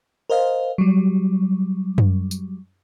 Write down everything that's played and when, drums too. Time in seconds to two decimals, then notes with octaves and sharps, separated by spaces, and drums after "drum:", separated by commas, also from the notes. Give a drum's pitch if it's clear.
0.30 A#4 C5 D#5 F5
0.78 F#3 G3
1.98 drum: tom F#2
2.31 drum: tambourine